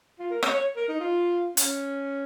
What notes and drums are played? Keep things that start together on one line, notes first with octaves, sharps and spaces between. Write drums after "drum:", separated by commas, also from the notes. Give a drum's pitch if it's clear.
F4
A#4
C#5, drum: rim click
C#5
A#4
D#4
F4
C#4, drum: hi-hat